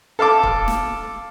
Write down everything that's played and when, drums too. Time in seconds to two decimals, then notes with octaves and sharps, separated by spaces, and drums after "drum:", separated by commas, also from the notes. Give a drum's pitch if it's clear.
0.19 A4 F5 A5 D6
0.43 drum: kick
0.68 drum: snare